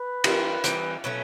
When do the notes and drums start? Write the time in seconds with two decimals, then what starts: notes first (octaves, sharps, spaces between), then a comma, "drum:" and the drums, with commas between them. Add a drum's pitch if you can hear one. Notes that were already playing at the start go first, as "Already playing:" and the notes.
Already playing: B4
0.24 E3 G3 C4 D#4, drum: cymbal
0.64 E3 G3 C4 D#4, drum: hi-hat
1.04 B2 F#3 A3 C#4